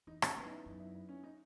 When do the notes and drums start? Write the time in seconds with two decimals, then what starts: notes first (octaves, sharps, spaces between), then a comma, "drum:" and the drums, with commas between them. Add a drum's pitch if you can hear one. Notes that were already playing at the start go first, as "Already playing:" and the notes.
0.07 E2 D#4
0.22 C#4, drum: rim click
0.37 F#2 B3
0.46 D#4
0.51 E4
0.66 F#2
0.80 E4
0.95 E4
1.09 C#4
1.23 D#4